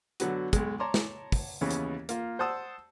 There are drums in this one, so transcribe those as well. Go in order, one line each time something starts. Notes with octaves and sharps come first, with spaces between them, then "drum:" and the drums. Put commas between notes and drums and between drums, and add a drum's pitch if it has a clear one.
D3 F#3 B3 F#4, drum: hi-hat
B1 G#3, drum: kick, hi-hat
C#5 A5 A#5 C6 D6
drum: snare
drum: kick, open hi-hat
D#2 C#3 E3 B3 C#4
drum: hi-hat
A#3 F4, drum: hi-hat
C5 F#5 A5 D#6 E6